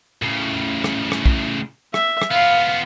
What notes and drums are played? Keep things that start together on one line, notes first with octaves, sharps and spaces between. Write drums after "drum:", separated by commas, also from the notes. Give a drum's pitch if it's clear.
A2 C#3
drum: rim click
drum: rim click
drum: kick
E5, drum: rim click
drum: rim click
B3 F4 F5